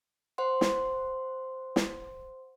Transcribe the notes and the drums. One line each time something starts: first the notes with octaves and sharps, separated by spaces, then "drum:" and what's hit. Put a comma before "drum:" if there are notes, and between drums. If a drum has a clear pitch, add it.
C5 F#5 C6
drum: snare
drum: snare